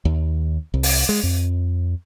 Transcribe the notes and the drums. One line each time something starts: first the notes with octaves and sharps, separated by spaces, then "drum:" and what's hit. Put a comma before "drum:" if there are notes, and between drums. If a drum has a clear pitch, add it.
D#2
C2
drum: open hi-hat
G#3
F2